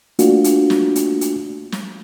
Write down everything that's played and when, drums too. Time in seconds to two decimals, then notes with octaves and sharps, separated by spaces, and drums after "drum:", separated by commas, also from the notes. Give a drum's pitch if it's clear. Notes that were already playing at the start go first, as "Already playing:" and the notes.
0.19 A3 A#3 D4 F4 F#4, drum: hi-hat
0.44 drum: hi-hat
0.70 drum: snare
0.96 drum: hi-hat
1.21 drum: hi-hat
1.72 drum: snare